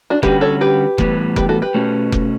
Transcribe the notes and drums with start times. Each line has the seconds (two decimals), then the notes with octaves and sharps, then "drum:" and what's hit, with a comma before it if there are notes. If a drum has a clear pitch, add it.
0.10 D4 F#4
0.23 D3 G3 C#4 F#4 G4 B4, drum: kick F1
0.41 A4 C#5
0.61 G4 B4
0.98 A2 E3 G3 B3, drum: kick F1
1.36 G4 B4, drum: kick F1
1.49 F#4 A4
1.62 G4 B4
1.75 B2 A3 C#4 F#4
2.12 drum: kick F1